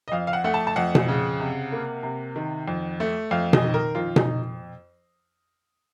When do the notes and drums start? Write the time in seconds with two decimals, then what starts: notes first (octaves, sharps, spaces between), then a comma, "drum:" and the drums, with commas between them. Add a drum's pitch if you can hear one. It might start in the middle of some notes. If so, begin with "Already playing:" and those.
0.08 D#5
0.12 F2 F5
0.27 F5
0.33 F#5
0.44 A3 F#5
0.54 A5
0.67 A5
0.76 F2 F#5
0.95 drum: tom B2
1.08 C#3
1.40 C3
1.72 A#3
2.03 C3
2.36 D#3
2.68 F2
3.00 A3
3.31 F2 F5
3.53 D#5, drum: tom B2
3.64 D#3
3.74 A#4
3.95 F2 F4
4.16 D#4, drum: tom B2